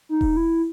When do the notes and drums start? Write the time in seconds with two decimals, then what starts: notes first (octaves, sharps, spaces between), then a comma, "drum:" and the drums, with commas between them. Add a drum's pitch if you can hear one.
0.09 D#4
0.21 drum: kick E1
0.37 E4